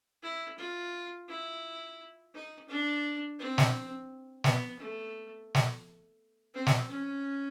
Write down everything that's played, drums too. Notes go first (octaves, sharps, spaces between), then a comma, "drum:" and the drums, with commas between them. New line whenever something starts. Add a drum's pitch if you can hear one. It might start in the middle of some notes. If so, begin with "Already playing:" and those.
E4
F4
E4
D#4
D4
C4
drum: snare
B3, drum: snare
A3
drum: snare
C4
drum: snare
C#4